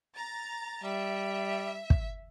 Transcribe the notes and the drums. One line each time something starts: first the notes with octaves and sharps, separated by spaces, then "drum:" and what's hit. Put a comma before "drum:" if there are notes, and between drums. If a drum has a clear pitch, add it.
A#5 A6
G3 E5
drum: kick